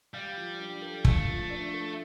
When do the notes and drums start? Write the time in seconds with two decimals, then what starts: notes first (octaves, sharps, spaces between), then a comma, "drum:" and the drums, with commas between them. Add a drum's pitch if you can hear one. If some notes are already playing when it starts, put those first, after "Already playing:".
0.14 G3 F5
0.37 F3
0.60 D4
0.82 A4
1.05 A3 F5, drum: kick
1.28 F3
1.50 D4
1.74 A4